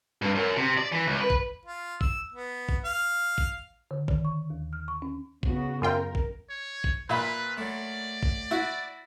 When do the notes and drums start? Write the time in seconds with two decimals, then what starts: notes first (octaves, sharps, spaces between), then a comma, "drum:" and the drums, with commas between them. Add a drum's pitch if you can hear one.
0.22 G2
0.35 F#2
0.56 C3
0.78 D5
0.92 E3
1.07 C#2
1.21 B4
1.30 drum: kick A1
1.65 F4
2.01 E6, drum: kick A1
2.32 B3
2.69 drum: kick A1
2.85 F5
3.38 drum: kick A1
3.91 D3
4.08 D#3, drum: kick A1
4.25 C#6
4.50 D#2
4.73 F6
4.88 C#6
5.02 C#4
5.43 C#3 B3 F#4, drum: kick A1
5.82 F#2 F4 A#4 G5
6.15 drum: kick A1
6.49 C#5
6.84 drum: kick A1
7.09 A#2 B4 E5 B5
7.58 F#3 A3 D5
8.23 drum: kick A1
8.51 E4 F#4